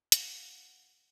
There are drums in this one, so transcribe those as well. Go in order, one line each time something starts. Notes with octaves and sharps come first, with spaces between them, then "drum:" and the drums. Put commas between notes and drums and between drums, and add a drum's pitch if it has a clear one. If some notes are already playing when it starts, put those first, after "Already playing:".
C#3 F4 F#4, drum: hi-hat